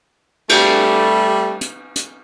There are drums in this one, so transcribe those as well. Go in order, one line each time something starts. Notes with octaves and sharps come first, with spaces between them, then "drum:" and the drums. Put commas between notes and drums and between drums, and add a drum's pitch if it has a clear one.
G3 A3, drum: cymbal
drum: hi-hat
drum: hi-hat